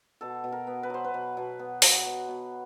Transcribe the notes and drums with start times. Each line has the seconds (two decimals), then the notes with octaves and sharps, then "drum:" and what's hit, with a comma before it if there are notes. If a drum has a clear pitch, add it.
0.21 B2 A4
0.44 B2
0.52 A#4
0.67 B3
0.83 B4
0.90 F#3 C5
1.04 B4
1.14 B2
1.37 B2
1.59 B3
1.82 F#3, drum: open hi-hat
2.06 B2
2.28 B2